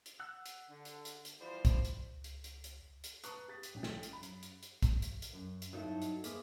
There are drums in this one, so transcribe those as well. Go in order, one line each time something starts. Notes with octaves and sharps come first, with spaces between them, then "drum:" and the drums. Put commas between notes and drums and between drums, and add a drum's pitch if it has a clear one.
drum: hi-hat
F#5 E6 F#6
drum: hi-hat
D3
drum: hi-hat
drum: hi-hat
drum: hi-hat
E3 F3 G3 C5
drum: kick, hi-hat
drum: hi-hat
C#2
drum: hi-hat
drum: hi-hat
drum: hi-hat
drum: hi-hat
B4 A5 A#5 C#6 D#6 F#6, drum: hi-hat
G4 A6 B6
drum: hi-hat
A#1 C#4 G5
drum: snare
drum: hi-hat
F#2 B5
drum: hi-hat
drum: hi-hat
drum: hi-hat
drum: kick, hi-hat
drum: hi-hat
drum: hi-hat
F#2
drum: hi-hat
G2 F#3 C4 D#4 E4 A4
drum: hi-hat
A#3 B3 G#4 C5 E5 D#6, drum: hi-hat